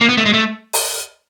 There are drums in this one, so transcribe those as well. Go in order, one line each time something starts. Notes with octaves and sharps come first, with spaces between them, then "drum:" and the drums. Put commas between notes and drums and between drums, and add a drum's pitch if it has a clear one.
A#3
B3
A3
G#3
A3
drum: open hi-hat